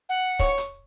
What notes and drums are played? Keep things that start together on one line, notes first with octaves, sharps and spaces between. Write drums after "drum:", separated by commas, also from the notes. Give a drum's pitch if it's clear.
F#5
C#5, drum: kick
drum: hi-hat